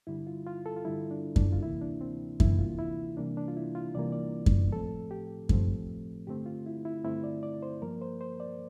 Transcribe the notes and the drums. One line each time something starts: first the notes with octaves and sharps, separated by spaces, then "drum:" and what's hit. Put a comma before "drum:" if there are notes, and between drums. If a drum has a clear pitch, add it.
G2 D3 G3 E4
F4
F4
A4
F4
G2 D3 G3 E4
D4
D4, drum: kick F#2
F4
D2 C3 E3 A#3 E4
D4
C4
D2 C3 E3 A#3 E4, drum: kick F#2
F4
E4
C2 C3 E3 G3 A#3 D4
D4
F4
E4
F4
C2 C3 E3 G3 A#3 D5
D5
drum: kick F#2
A2 F3 A3 C4 A4
G4
A2 F3 A3 C4, drum: kick F#2
G2 D3 A3 C4 G4
F4
E4
E4
G2 D3 A3 C4 E4
D5
D5
C5
G2 F3 A#3 A#4
C5
C5
D5